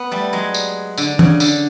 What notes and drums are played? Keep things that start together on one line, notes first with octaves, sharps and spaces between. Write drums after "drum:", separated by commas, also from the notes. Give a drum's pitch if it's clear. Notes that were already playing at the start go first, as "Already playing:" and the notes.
Already playing: B3
G3 A3
F#3 G#3
drum: tambourine
D3, drum: tambourine
C#3, drum: tom
D3, drum: tambourine